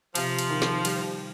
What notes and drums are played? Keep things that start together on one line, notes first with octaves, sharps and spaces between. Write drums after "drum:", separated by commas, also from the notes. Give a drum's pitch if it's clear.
C3 F3, drum: cymbal
drum: cymbal
D#3
drum: snare
G3, drum: cymbal